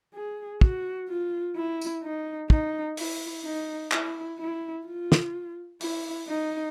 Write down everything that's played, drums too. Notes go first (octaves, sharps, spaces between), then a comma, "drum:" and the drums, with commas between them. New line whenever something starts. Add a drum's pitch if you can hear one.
G#4
F#4, drum: kick
F4
E4
drum: tambourine
D#4
D#4, drum: kick
E4, drum: open hi-hat
D#4
E4, drum: clap
E4
F4
drum: snare
E4, drum: open hi-hat
D#4